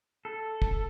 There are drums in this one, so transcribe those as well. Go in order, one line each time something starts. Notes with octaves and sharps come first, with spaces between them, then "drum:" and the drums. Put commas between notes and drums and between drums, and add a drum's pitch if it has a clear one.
A4
drum: kick